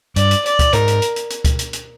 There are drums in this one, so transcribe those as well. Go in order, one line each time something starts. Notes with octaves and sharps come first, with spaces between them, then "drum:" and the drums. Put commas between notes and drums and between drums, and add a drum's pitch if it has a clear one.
G2 D5, drum: hi-hat
drum: hi-hat
D5, drum: hi-hat
drum: kick, hi-hat
G#2 A#4, drum: hi-hat
drum: hi-hat
drum: hi-hat
drum: hi-hat
drum: hi-hat
drum: kick, hi-hat
drum: hi-hat
drum: hi-hat